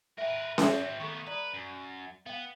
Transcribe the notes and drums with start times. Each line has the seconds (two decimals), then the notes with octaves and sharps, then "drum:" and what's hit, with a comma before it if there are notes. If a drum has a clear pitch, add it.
0.18 A#4 B4 E5 F#5 G5
0.58 C4 F4 F#4 E5 B5, drum: snare C#4
1.00 D#3 B3 A4 C#6
1.27 B4 D5 A#5 D#6
1.54 F#2
2.26 B3 F5 G5